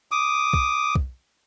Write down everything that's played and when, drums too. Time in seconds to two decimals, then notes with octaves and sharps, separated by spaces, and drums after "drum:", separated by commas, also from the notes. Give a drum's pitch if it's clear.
0.11 D6 D#6
0.53 drum: kick
0.95 drum: kick